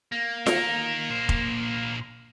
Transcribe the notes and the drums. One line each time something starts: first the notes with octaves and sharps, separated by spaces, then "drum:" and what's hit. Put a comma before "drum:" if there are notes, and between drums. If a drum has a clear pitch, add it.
A#3
D#4 A#4, drum: snare F4
A#2 C5
drum: kick F1